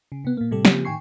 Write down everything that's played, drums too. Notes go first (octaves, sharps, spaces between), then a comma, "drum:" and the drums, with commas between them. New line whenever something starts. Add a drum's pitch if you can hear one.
C#3
C3 B3
A#2 A#3
A2 C3 G3 A4
C#3 F3 A#3 C4 G4, drum: snare
A2 D#3 G5 G#5 C#6 C7